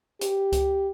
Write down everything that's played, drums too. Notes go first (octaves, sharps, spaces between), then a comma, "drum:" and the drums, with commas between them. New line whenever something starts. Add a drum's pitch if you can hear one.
G4, drum: hi-hat
drum: kick C#2, hi-hat